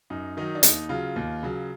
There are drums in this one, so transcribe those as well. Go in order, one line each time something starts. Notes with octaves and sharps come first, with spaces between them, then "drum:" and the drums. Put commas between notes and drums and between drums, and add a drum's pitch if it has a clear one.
F#2 D#4
D#3 F#3 D#4
D4
D#2 D#4, drum: hi-hat
C#3 F#3 F4
D#2
C#3 F#3